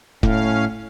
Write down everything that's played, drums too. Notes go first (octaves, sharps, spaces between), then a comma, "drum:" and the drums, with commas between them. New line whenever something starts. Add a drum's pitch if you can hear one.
A2 C#4 F5, drum: kick